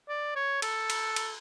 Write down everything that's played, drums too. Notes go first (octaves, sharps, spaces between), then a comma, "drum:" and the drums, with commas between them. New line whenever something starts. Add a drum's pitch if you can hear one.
D5
C#5
A4, drum: cymbal
drum: cymbal
drum: cymbal